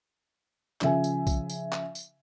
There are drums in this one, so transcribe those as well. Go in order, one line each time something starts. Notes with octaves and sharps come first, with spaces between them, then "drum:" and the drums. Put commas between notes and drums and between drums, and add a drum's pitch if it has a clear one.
C#3 F3 E5 G#5, drum: clap
drum: tambourine
drum: kick B1, tambourine
drum: tambourine
drum: clap
drum: tambourine